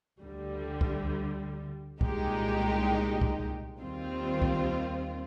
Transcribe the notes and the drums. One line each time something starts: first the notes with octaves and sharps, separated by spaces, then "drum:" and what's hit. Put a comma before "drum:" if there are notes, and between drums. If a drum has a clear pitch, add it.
D2 D3 G3
drum: kick C2
C2 A#2 G#3 D#4 G4, drum: kick C2
drum: kick C2
D#2 D#3 G3 C4 F4
drum: kick C2